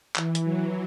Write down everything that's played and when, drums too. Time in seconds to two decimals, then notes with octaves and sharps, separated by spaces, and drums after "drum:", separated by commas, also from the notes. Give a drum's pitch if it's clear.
0.16 E3, drum: clap
0.35 drum: hi-hat
0.45 F#3